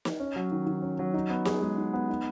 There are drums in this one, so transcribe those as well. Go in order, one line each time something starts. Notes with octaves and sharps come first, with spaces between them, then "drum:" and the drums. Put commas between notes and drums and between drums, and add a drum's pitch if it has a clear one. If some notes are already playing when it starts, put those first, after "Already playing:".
drum: snare
C#4
F#3
D#3
D#3
C#4
F#3
D#4
B3
G#4, drum: snare
G#3
D#4
B3
D#4